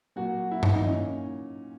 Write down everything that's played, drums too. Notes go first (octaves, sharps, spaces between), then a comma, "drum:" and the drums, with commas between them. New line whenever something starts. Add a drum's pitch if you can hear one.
A#2 F#3 F#4
E4
D#4, drum: tom G2
D#4
A#2 C#4